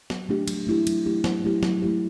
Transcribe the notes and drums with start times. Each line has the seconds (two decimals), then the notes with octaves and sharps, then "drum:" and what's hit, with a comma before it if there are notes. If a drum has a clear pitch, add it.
0.10 F#3, drum: snare
0.29 A3 D4 G4
0.48 F#3, drum: cymbal
0.67 A3 E4 G4
0.87 F#3, drum: cymbal
1.06 A3 E4 G4
1.24 F#3, drum: snare
1.44 A3 E4 G4
1.63 F#3, drum: snare
1.82 A3 E4 G4